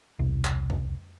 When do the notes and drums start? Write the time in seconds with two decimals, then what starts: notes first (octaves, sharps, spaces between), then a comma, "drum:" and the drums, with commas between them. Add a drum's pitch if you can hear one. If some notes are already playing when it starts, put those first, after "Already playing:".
0.19 E1 C2
0.45 drum: clap
0.70 drum: tom F2